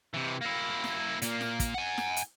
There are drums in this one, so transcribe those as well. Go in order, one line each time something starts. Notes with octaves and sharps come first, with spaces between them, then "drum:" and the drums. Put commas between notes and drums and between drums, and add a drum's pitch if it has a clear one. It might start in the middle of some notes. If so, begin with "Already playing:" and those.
C3 E3
A#3 E4
drum: snare
A#2 A#3, drum: hi-hat
drum: snare
drum: kick, hi-hat
F#5 G#5
drum: snare
drum: hi-hat